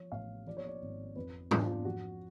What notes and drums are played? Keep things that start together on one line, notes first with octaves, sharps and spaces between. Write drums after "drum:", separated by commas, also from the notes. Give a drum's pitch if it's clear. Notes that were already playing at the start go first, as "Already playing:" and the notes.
Already playing: F3 C#5
A1 F5
F3 D5
C#5
D5
G#1
F2 B4
F2 F4, drum: tom G#2
D4
F4
F3 F#4